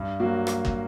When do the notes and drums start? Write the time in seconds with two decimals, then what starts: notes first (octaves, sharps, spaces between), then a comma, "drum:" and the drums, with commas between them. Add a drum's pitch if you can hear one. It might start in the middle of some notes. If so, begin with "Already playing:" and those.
Already playing: G2
0.20 F#3 A#3 F#4
0.47 drum: rim click
0.65 drum: kick